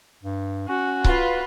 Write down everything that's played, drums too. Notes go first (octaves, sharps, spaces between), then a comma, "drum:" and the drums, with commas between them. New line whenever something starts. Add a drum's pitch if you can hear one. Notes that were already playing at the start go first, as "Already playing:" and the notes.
G2
C#4 F#4
F4 B4, drum: kick C#1